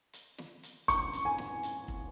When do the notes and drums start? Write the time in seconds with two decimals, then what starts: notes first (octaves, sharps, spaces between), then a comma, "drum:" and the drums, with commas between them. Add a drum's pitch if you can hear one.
0.13 drum: hi-hat
0.38 drum: snare
0.63 drum: hi-hat
0.88 C#6, drum: kick, hi-hat
1.13 drum: hi-hat
1.25 G#5
1.38 drum: snare
1.63 drum: hi-hat
1.88 drum: kick